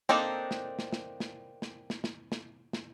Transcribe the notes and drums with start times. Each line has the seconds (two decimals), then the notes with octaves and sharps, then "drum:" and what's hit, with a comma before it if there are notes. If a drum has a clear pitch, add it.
0.09 A#3 C4 D4 D#4 A4, drum: snare
0.51 drum: snare
0.79 drum: snare
0.93 drum: snare
1.20 drum: snare
1.62 drum: snare
1.90 drum: snare
2.04 drum: snare
2.32 drum: snare
2.73 drum: snare